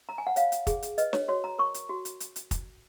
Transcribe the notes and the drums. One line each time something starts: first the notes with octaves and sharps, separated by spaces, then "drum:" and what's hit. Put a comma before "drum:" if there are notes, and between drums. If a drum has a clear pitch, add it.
A#5
G#5
F#5
C#5 F5, drum: hi-hat
drum: hi-hat
G#4, drum: kick, hi-hat
drum: hi-hat
B4 D#5, drum: hi-hat
C#5, drum: snare
F#4 C#5
A#5
A#4 C#6
drum: hi-hat
F#4
drum: hi-hat
drum: hi-hat
drum: hi-hat
drum: kick, hi-hat